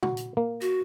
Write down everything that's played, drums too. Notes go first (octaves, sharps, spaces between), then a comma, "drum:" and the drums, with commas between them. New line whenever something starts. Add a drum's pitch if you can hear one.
F#4, drum: tom A#2
drum: hi-hat
A#3
F#4, drum: hi-hat